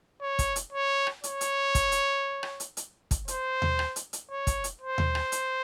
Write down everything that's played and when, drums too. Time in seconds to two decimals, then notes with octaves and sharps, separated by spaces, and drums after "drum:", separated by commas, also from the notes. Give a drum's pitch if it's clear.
0.21 C#5
0.39 drum: kick, hi-hat
0.56 drum: hi-hat
0.72 C#5
1.07 drum: rim click
1.24 C#5, drum: hi-hat
1.41 drum: hi-hat
1.75 drum: kick, hi-hat
1.92 drum: hi-hat
2.43 drum: rim click
2.60 drum: hi-hat
2.77 drum: hi-hat
3.11 drum: kick, hi-hat
3.28 C5, drum: hi-hat
3.62 drum: tom D#2
3.79 drum: rim click
3.96 drum: hi-hat
4.13 drum: hi-hat
4.30 C#5
4.47 drum: kick, hi-hat
4.64 drum: hi-hat
4.81 C5
4.98 drum: tom D#2
5.15 drum: rim click
5.32 drum: hi-hat